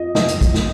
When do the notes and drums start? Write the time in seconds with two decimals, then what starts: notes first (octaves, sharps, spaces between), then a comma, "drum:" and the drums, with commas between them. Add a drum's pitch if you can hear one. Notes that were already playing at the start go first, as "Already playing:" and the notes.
Already playing: F2 F3 D#5
0.15 F#1 D#5, drum: snare
0.28 drum: hi-hat
0.41 drum: kick, hi-hat
0.54 drum: snare